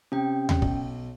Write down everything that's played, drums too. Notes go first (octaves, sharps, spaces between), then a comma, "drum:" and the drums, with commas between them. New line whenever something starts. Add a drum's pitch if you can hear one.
C3 C#4 G5
drum: tom D#2
B1, drum: kick